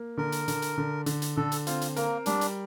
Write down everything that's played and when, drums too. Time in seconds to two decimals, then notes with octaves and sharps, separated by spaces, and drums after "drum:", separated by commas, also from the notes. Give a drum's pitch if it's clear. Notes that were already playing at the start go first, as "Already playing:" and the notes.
Already playing: A#3
0.17 D3 A#4
0.32 drum: hi-hat
0.48 D3, drum: hi-hat
0.62 drum: hi-hat
0.78 D3
1.06 D3, drum: hi-hat
1.22 drum: hi-hat
1.36 D3 A4
1.52 drum: hi-hat
1.67 C4 F4, drum: hi-hat
1.81 drum: hi-hat
1.96 A#3 A#4, drum: hi-hat
2.26 G3 D4, drum: hi-hat
2.41 drum: hi-hat